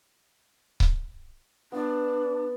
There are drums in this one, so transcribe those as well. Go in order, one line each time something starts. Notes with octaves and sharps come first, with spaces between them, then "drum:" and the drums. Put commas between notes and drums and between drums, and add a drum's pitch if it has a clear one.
drum: kick C#1
B3 D4 D5